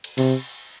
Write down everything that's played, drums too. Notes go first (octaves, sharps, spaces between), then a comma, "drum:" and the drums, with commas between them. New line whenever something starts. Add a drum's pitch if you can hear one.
drum: cymbal
C3, drum: cymbal